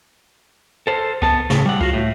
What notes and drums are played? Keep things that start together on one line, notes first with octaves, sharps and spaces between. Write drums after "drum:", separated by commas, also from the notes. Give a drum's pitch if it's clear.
A4 C5
B3 A5, drum: kick C#2
A2 C#3, drum: snare
G3 F#5
F4 F#4, drum: kick C#2
A2